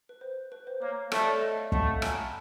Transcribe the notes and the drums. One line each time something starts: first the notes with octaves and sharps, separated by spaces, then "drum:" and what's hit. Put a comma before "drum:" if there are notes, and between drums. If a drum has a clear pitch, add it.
B4
C5
B4
C5
A#3 C#5
A3 A4, drum: rim click
D5
C#5
D#5
E5
F5
A3 F#5, drum: kick
G#5 A#5, drum: rim click
A5 B5